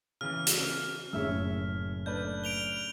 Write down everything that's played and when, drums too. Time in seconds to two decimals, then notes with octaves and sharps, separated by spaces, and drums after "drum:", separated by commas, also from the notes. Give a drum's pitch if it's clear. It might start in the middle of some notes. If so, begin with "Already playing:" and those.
0.21 C#3 E3 F6
0.47 drum: hi-hat
1.13 F#1 A2 G#4 C#5 E5 E6
2.06 A3 D4 B4 G6
2.44 D7 F7 G7